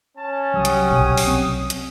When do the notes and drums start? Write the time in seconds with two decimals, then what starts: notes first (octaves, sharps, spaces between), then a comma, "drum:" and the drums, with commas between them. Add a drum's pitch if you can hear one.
0.17 C#4 A5
0.54 C2 F#3 G4 F#5 D#6
0.65 drum: hi-hat
0.91 B1
1.17 drum: open hi-hat
1.27 C4
1.70 drum: hi-hat